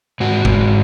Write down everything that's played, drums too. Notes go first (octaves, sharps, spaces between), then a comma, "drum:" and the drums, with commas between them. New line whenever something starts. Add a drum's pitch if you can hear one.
G#2 F#4
G#2, drum: kick